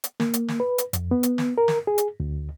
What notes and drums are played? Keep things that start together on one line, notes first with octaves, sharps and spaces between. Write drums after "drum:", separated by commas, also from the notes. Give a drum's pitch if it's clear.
drum: hi-hat
A#3, drum: snare
drum: hi-hat
drum: snare
B4
drum: hi-hat
F2, drum: hi-hat
B3
drum: hi-hat
drum: snare
A#4
drum: snare
G#4
drum: hi-hat
D2